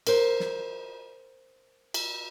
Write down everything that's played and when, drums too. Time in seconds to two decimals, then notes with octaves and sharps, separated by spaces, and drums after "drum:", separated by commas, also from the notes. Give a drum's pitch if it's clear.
0.07 A#4 C5, drum: cymbal
0.40 drum: snare
1.94 drum: cymbal